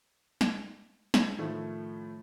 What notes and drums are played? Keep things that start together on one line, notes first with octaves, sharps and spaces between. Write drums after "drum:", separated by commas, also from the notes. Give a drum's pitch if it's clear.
drum: snare
drum: snare
A2 D#3 F3 A3